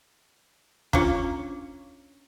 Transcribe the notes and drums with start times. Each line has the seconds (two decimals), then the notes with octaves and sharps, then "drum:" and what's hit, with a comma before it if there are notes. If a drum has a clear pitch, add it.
0.93 A#3 C#4 D4 F4, drum: kick